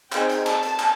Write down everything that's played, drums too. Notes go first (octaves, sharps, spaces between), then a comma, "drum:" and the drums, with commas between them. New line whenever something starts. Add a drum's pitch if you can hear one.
C4 D#4 G#4 G5, drum: clap
drum: hi-hat
A5, drum: clap
drum: hi-hat
drum: clap